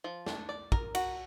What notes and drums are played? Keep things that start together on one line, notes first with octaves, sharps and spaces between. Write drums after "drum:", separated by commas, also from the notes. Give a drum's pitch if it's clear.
F3
D4, drum: snare
D5
A#4, drum: kick
F#4, drum: cymbal